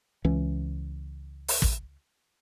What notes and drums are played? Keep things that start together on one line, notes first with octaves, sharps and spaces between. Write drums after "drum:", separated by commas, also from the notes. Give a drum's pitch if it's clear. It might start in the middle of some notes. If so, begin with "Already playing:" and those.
C#2 E3 C#4
drum: open hi-hat
drum: kick